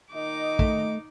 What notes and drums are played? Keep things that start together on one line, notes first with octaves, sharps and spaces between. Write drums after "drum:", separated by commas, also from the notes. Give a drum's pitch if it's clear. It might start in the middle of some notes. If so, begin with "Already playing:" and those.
A#2 D#3 D#4 D#5 D6
A3, drum: kick